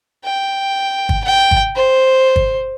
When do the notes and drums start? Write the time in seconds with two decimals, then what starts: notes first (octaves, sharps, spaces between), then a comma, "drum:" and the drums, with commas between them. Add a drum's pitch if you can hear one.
0.25 G5
1.09 drum: kick
1.24 G5
1.51 drum: kick
1.76 C5
2.36 drum: kick